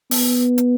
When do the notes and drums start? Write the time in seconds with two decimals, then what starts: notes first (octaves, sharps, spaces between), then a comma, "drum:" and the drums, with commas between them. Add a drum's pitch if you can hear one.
0.11 B3, drum: open hi-hat
0.58 drum: hi-hat